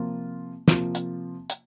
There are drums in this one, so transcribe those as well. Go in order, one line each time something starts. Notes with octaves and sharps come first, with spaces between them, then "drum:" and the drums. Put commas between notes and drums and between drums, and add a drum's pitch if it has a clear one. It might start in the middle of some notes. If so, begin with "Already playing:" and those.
Already playing: C3 F3 A#3 F4
C3 F3 A#3 F4, drum: snare
drum: hi-hat
drum: hi-hat